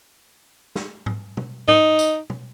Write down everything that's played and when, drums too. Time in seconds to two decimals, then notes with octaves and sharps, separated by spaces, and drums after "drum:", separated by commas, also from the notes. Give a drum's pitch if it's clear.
0.75 drum: snare
1.06 drum: tom
1.37 drum: tom
1.68 D#4, drum: tom
1.99 drum: tambourine
2.30 drum: tom